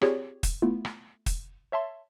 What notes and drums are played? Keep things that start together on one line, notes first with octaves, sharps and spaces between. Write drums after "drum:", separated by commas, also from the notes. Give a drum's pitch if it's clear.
C4 F4 G4 G#4 C#5 D5, drum: rim click
drum: kick, hi-hat
A3 B3 E4 F4
drum: rim click
drum: kick, hi-hat
C#5 E5 A5 C6